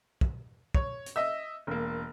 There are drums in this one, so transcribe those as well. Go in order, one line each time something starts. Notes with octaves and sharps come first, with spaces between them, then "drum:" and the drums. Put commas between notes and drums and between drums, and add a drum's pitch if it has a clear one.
drum: kick
C#5, drum: kick
drum: hi-hat
D#5 E5 E6
E1 A#3